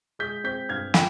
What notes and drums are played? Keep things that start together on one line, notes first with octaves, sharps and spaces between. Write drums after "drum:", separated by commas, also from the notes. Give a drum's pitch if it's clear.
G#3 G6 B6
C4 G6 B6
G2 F6 G#6
F3 G5 B5, drum: snare